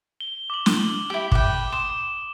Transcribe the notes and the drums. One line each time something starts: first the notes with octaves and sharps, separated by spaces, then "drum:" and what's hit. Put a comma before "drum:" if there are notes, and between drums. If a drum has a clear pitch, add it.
G7
D6 F#7
drum: snare
E4 G4
B4 G5 D6, drum: kick
C6 D#6 E7